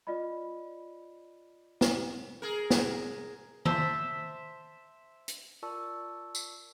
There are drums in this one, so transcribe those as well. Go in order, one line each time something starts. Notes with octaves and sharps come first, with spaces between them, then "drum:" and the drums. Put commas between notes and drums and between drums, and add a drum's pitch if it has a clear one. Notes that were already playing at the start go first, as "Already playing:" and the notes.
F4 D5 D#5 B5
drum: snare
G#4 A#4
drum: snare
C5 E5 A5, drum: tom D#3
drum: hi-hat
F4 A#4 D5 A5 C#6 E6
drum: tambourine